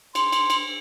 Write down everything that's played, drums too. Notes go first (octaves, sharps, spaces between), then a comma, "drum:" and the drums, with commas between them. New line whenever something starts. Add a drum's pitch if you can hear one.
C6, drum: cymbal
drum: cymbal
drum: cymbal